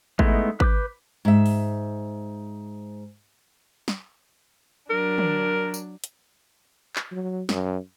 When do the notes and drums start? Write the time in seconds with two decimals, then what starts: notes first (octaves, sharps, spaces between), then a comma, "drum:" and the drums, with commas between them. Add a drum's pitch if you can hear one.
0.19 G#3 A3 B3 D#4 E4, drum: kick G#1
0.60 B4 D6 G6, drum: kick G#1
1.25 G#2 E5
1.46 drum: open hi-hat
3.88 drum: snare
4.90 F#3 D4 A#4
5.18 drum: tom
5.74 drum: tambourine
6.04 drum: hi-hat
6.96 drum: clap
7.12 F#3
7.49 F#2, drum: snare